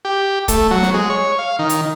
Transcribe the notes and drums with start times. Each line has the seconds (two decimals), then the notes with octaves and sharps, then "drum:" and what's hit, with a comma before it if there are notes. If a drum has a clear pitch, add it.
0.05 G4
0.48 A3, drum: kick, hi-hat
0.71 F#3
0.83 drum: snare
0.94 G#3
1.10 C#5
1.38 F5
1.59 D#3
1.69 drum: hi-hat